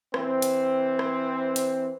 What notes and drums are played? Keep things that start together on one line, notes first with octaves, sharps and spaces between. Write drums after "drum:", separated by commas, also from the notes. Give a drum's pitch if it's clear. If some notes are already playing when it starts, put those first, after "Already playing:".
E3 C4, drum: rim click
drum: hi-hat
drum: rim click
drum: hi-hat